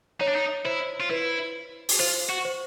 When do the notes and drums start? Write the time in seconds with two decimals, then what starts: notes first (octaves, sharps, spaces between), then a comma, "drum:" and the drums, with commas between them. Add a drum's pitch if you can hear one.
0.20 D#4 C#5
0.28 D4
0.35 D#4
0.65 E4 C5
1.00 F4
1.10 E4 B4
1.89 drum: open hi-hat
2.00 F4 C5
2.30 F#4
2.45 C5